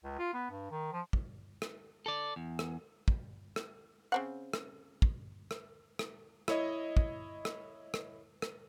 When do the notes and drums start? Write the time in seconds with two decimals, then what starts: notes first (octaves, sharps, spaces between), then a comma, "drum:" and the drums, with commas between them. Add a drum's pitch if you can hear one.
0.04 C#2
0.19 F4
0.33 B3
0.51 G2
0.71 D#3
0.92 F3
1.13 drum: kick
1.62 drum: rim click
2.06 A4 D5
2.36 E2
2.59 drum: rim click
3.08 drum: kick
3.56 drum: rim click
4.12 C#3 C4 F#5
4.54 drum: rim click
5.02 drum: kick
5.51 drum: rim click
5.99 drum: rim click
6.48 E4 C#5 D#5, drum: rim click
6.97 drum: kick
7.45 drum: rim click
7.94 drum: rim click
8.42 drum: rim click